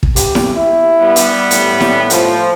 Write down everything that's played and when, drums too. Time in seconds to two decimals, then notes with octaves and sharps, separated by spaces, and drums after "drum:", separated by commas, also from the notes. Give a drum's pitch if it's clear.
0.03 drum: kick
0.16 G4, drum: hi-hat
0.35 drum: snare E4
0.56 E4
1.00 G3 B3
1.16 drum: hi-hat
1.51 A2, drum: hi-hat
1.80 drum: snare E4
2.10 F3, drum: hi-hat